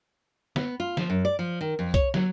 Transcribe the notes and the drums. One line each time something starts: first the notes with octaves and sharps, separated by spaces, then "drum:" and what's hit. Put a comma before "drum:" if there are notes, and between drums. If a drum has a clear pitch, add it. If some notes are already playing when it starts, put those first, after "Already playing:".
B3, drum: snare
F4
F3, drum: snare
F#2
D5
F3
D#3
F2
C#5, drum: kick B1, hi-hat
F#3, drum: snare